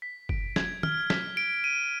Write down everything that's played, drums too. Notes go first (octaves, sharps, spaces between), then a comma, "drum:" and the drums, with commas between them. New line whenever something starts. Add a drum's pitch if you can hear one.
B6
D7, drum: kick F#1
G#6, drum: snare
F6, drum: tom
B6, drum: snare
D7
D#7